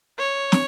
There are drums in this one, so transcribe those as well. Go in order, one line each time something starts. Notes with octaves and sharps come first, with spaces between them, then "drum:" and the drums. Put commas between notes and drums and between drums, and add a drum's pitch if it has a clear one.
C#5
drum: snare